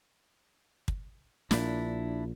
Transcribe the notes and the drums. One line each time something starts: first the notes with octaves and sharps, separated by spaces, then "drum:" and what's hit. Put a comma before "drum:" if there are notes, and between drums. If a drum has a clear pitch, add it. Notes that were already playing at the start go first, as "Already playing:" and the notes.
drum: kick
A#1 A#2 D4 E4, drum: snare